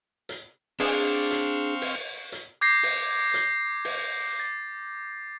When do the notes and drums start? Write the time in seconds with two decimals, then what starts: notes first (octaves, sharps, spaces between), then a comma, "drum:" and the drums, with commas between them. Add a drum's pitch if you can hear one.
0.29 drum: hi-hat
0.80 C4 D4 G#4 F5 C#6, drum: open hi-hat
1.31 drum: hi-hat
1.81 drum: open hi-hat
2.32 drum: hi-hat
2.61 D6 G6 G#6 A#6 C7
2.83 drum: open hi-hat
3.34 drum: hi-hat
3.85 drum: open hi-hat
4.40 A6